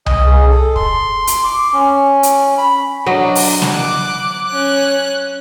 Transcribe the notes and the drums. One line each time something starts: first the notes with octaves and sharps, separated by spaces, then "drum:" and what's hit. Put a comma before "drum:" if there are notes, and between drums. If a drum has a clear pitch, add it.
D#5, drum: tom C2
G#4
A4
C6, drum: kick
drum: hi-hat
D6
C#4
drum: hi-hat
B5
F#3 D4 D#5
drum: open hi-hat
drum: snare
D6 F#6
C#4 F#6